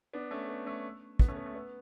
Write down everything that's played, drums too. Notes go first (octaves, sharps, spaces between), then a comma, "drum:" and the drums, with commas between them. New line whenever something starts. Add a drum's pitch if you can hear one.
B3 D4
A3 C#4
B3
A3 C#4
B3, drum: kick
A3 C#4
B3
A3
B3